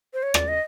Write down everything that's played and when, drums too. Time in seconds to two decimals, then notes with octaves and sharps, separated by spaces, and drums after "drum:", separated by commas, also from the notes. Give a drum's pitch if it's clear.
0.14 C5
0.23 C#5
0.34 D5, drum: rim click
0.48 D#5